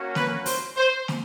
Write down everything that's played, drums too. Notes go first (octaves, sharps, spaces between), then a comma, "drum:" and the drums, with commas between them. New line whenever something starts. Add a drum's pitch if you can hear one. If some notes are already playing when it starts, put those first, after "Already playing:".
Already playing: A#3 C#4 F#4
B4, drum: snare
C5, drum: open hi-hat
C5
drum: snare